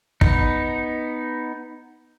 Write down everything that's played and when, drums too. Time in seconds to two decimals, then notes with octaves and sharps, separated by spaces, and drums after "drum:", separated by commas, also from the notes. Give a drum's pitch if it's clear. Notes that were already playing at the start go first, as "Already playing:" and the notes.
0.21 B3 D#4, drum: kick